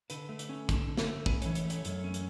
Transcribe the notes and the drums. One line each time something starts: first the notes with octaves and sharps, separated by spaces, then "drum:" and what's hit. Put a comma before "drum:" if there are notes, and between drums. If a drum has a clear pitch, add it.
D3 B4, drum: hi-hat
A3
drum: hi-hat
C#4
D3, drum: kick, hi-hat
D3
drum: snare
A3
C#4 B4, drum: kick
E3 C#5, drum: hi-hat
C#5, drum: hi-hat
A3
C#5, drum: hi-hat
F#2, drum: hi-hat
C#4
drum: hi-hat